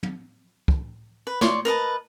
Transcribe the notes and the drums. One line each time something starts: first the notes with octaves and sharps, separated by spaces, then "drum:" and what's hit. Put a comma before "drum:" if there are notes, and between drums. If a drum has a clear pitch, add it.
drum: tom
drum: kick
B4
C#5 D5 C6, drum: snare
A#4 B4 D#5 A5